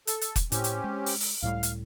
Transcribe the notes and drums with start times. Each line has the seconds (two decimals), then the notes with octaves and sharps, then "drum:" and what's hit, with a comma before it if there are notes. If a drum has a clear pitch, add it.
0.07 A4, drum: hi-hat
0.21 drum: hi-hat
0.36 drum: kick, hi-hat
0.52 A2 C4 C#4 G4, drum: hi-hat
0.64 drum: hi-hat
0.84 G#3
1.06 drum: open hi-hat
1.20 drum: open hi-hat
1.42 C#2 A2 G3 F5
1.63 drum: hi-hat